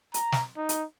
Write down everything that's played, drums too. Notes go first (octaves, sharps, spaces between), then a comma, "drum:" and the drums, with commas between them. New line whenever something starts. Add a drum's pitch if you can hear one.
A#5, drum: hi-hat
drum: snare
D#4
drum: hi-hat